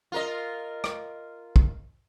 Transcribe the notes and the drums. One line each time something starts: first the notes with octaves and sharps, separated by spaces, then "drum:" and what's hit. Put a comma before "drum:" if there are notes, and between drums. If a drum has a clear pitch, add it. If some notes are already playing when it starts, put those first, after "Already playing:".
F4 A#4 D#5
drum: rim click
drum: kick